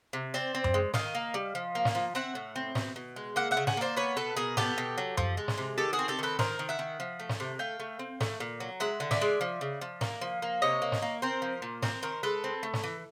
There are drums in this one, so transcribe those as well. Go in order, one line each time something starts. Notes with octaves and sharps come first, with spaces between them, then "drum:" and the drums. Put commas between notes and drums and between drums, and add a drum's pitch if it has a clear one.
C3
C4 C5 D5
C4
drum: tom F#2
G#3
D#3 D#5 F5, drum: snare
A#3
G3
F3
A#3
drum: snare
F3
C4 E5 F#5
A2
C4
B2, drum: snare
B2
G#3
A#3 E5 F#5
E5 F#5
C#3
F#5 G#5, drum: snare
A#3 C5 D5
B3 B4 C#5
B2 A4 B4
B2 G#4 A#4
B3 G4 A4, drum: snare
B2
F#3
F3, drum: tom F#2
G#3
drum: snare
C3
D#3 G4 A4
F#4 G#4
C4
G4 A4
D#3 A4 B4
D#3 A#4 C5, drum: snare
D#3
E5 F#5
D#3
F3
A3
drum: snare
C3
A3 F5 G5
A3
C4
A3, drum: snare
A#2
F#3
G#3 E5 F#5
D3
D5 E5, drum: snare
G#3
F3
C#3
F3
A#3, drum: snare
F3
A#3
C3 C#5 D#5
A#3
drum: snare
A#3
C4 A#4 C5
F3
A#2
C4 A#4 C5, drum: snare
D#3 A#4 C5
G#3 A4 B4
C4
A3
drum: snare
E3